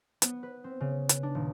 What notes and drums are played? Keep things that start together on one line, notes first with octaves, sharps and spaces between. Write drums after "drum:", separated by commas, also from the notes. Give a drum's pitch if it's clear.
B3, drum: hi-hat
B4
C4
C#3
B4, drum: hi-hat
D4
D#1